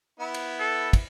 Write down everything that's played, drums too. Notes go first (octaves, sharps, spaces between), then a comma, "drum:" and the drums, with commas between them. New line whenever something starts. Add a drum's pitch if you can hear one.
B3 E4
drum: cymbal
A4
drum: kick, cymbal